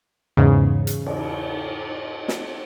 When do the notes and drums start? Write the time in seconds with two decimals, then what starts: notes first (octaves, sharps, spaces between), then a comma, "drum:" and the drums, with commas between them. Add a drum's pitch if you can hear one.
0.37 E2 G#2 C#3
0.87 drum: hi-hat
1.06 drum: cymbal
2.28 drum: snare